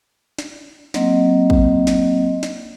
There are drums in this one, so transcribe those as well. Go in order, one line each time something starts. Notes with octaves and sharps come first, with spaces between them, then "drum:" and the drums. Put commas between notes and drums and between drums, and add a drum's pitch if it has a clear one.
drum: snare
F#3 A#3 C4 D#5, drum: snare
drum: kick
drum: snare
drum: snare